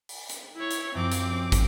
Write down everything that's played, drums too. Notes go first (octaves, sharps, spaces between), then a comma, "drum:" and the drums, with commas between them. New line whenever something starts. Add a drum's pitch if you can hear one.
drum: open hi-hat
drum: hi-hat
E4 C#5
drum: hi-hat
F#2 F3 C4 D6 A#6
drum: hi-hat
C#4
drum: kick, hi-hat